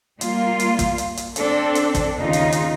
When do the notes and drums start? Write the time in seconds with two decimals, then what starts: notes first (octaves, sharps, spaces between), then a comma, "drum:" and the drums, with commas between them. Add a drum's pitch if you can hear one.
0.21 G3 A#3 F4, drum: hi-hat
0.60 drum: hi-hat
0.79 drum: kick, hi-hat
0.98 drum: hi-hat
1.17 drum: hi-hat
1.36 C4 D4 A4, drum: hi-hat
1.75 drum: hi-hat
1.95 drum: kick, hi-hat
2.17 D#2 C#3 D#4 F4
2.33 drum: hi-hat
2.52 drum: hi-hat